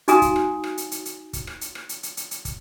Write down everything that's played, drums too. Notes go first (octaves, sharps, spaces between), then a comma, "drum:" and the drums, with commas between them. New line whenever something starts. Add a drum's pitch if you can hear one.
D#4 F#4 F5 G#5 A#5 D#6, drum: hi-hat
drum: kick, hi-hat
drum: rim click
drum: rim click
drum: hi-hat
drum: hi-hat
drum: hi-hat
drum: kick, hi-hat
drum: rim click
drum: hi-hat
drum: rim click
drum: hi-hat
drum: hi-hat
drum: hi-hat
drum: hi-hat
drum: kick, hi-hat